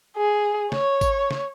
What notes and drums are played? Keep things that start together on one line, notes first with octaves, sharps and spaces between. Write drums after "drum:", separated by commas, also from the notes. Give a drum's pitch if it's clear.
G#4
C#5, drum: snare
drum: kick G#1, tambourine
drum: snare